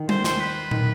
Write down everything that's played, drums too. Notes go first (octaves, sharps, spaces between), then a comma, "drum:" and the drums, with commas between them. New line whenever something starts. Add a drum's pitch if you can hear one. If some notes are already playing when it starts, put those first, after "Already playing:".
Already playing: D#3
C5, drum: tom G3
C5, drum: snare
B4
D#3, drum: tom